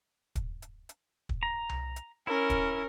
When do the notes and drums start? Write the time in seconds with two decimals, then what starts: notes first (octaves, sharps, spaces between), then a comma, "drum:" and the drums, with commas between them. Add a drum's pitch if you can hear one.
0.35 drum: kick, hi-hat
0.62 drum: hi-hat
0.89 drum: hi-hat
1.29 drum: kick
1.43 A#5
1.69 drum: tom C2
1.96 drum: hi-hat
2.27 C#4 E4 A#4
2.50 drum: kick, hi-hat